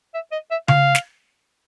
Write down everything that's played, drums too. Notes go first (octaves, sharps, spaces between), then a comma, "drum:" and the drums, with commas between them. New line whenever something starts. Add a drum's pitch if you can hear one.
E5
D#5
E5
F5, drum: tom C#3
drum: snare